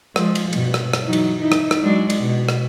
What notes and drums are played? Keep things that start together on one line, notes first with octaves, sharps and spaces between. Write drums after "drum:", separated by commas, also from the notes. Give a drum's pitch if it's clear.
F3 G#3, drum: rim click
drum: cymbal
G2 B2, drum: cymbal
drum: rim click
drum: rim click
E3 F#3 D#4
drum: cymbal
D#4 E4
drum: rim click
drum: rim click
F#3 G#3 D4
drum: cymbal
B2
drum: rim click